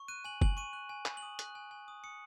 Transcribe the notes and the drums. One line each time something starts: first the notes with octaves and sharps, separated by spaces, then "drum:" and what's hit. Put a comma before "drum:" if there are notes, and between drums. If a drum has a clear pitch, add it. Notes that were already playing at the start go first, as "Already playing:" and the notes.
Already playing: C#6
F#6 D#7
G#5 F#7
G#5 F#7, drum: kick F#1
C#6 D#7
F#6
G#5
G#5, drum: clap
F#7
D#6
F#6, drum: hi-hat
G#5
G#5
D#6
D#6 C#7